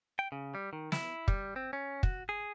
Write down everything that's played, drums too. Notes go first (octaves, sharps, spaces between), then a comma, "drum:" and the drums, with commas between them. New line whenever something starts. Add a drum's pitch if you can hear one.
G5
C#3
G3
D#3
E4, drum: snare
G3, drum: kick
C4
C#4
F#4, drum: kick
G#4